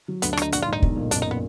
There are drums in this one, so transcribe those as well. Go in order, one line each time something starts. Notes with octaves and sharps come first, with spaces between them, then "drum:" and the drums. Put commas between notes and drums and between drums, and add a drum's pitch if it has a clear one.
F#3
D2 B3, drum: hi-hat
D4
D3 D#4, drum: rim click
A#1 F#4, drum: hi-hat
F4
G#2
D#4
B1, drum: kick
A#2
F#1 D4, drum: hi-hat
D#4
B3